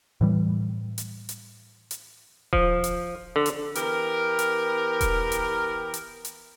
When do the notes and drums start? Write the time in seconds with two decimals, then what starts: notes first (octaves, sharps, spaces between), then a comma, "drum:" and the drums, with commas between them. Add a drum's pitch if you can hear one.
0.21 A2 E3 G3
0.98 drum: hi-hat
1.29 drum: hi-hat
1.91 drum: hi-hat
2.53 F3, drum: kick D#1
2.84 drum: hi-hat
3.36 D3
3.46 drum: hi-hat
3.75 E3 B3 G4 A#4, drum: hi-hat
4.39 drum: hi-hat
5.01 drum: kick D#1, hi-hat
5.32 drum: hi-hat
5.94 drum: hi-hat
6.25 drum: hi-hat